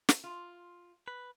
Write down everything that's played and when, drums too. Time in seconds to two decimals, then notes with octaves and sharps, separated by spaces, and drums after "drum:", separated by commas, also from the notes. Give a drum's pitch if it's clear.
0.09 drum: snare
0.24 F4
1.08 B4